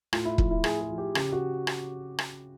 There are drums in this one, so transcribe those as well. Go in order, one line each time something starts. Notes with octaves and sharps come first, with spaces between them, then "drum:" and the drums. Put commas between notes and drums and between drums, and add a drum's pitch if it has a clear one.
A2 F4, drum: rim click
E4
F3 E4, drum: kick
E4
A2 G#4, drum: rim click
G#4
F3
G4
C#3 G4, drum: rim click
F#4
drum: rim click
drum: rim click